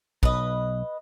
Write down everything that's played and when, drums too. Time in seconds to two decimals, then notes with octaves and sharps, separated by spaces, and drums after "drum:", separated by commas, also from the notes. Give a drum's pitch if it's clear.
0.23 B1 B4 D#5, drum: kick